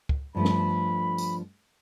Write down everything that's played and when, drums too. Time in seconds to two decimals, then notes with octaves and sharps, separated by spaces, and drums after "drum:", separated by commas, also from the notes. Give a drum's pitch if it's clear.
0.09 drum: kick C#2
0.35 G2 F3 A3 B5
0.45 drum: snare
1.18 drum: tambourine